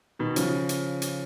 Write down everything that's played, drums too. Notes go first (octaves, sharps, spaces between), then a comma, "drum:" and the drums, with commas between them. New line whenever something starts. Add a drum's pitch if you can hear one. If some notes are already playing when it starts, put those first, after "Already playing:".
B2 D#3
C#3 F3, drum: hi-hat
drum: hi-hat
drum: hi-hat